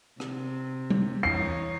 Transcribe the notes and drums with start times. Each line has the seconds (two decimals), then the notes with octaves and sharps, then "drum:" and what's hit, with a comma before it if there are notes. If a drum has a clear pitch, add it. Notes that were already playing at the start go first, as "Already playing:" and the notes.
0.20 C3, drum: rim click
0.90 drum: tom G3
1.23 E3 D#4 C#5 C7